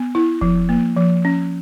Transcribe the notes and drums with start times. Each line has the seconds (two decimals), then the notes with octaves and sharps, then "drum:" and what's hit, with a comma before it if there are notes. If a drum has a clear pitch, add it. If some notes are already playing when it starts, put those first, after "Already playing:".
Already playing: B3
0.15 E4
0.41 F3, drum: kick E1
0.69 A#3
0.97 F3
1.25 C#4